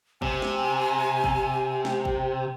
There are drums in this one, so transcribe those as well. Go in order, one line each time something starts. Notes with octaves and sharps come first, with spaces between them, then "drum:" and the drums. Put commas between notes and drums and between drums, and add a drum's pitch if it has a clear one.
C3 G#5, drum: kick
drum: snare
drum: kick
drum: snare
drum: kick